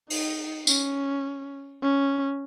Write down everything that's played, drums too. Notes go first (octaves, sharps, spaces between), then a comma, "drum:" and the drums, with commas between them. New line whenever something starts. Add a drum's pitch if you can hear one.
D#4, drum: open hi-hat
C#4, drum: tambourine
C#4